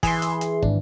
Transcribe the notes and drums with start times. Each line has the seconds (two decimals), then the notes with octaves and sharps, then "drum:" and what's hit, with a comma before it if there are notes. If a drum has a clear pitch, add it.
0.03 E3 G#4 C6, drum: kick, open hi-hat
0.22 drum: hi-hat
0.41 drum: hi-hat
0.62 G#1 D4, drum: kick